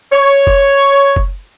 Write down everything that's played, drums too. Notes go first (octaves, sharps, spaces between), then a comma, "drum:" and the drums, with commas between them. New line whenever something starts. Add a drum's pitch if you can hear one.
C#5
drum: kick F#1
drum: kick F#1